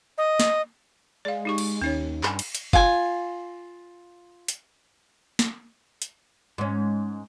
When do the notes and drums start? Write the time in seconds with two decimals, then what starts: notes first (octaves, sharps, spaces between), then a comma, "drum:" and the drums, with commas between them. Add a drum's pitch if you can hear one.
0.18 D#5
0.40 drum: snare
1.25 G#3 D5 F5
1.45 D#4 G4 C#6
1.58 drum: cymbal
1.82 D#2 C#4 D#4 C#5
2.23 G2 G#5 B5, drum: clap
2.39 drum: cymbal
2.55 drum: hi-hat
2.73 F4 G#5, drum: kick F#1
4.48 drum: hi-hat
5.39 drum: snare
6.02 drum: hi-hat
6.58 G#2 C#4